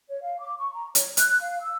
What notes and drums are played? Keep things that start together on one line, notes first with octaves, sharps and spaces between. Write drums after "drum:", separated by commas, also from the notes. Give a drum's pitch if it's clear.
C#5
F5
D6
C#6
A#5
C#5, drum: hi-hat
F#6, drum: hi-hat
F5
E6